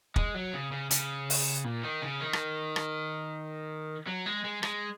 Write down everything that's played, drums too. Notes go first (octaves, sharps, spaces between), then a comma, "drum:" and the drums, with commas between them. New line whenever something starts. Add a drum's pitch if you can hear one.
G#3, drum: kick
F#3
C#3
C#3
C#3, drum: hi-hat
drum: open hi-hat
A#2
D#3
C#3
D#3
drum: rim click
drum: rim click
F#3
G#3
G#3
G#3, drum: rim click